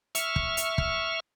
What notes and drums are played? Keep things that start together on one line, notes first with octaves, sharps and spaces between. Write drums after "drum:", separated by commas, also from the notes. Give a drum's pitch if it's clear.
E5 C#6 F6, drum: hi-hat
drum: kick
drum: hi-hat
drum: kick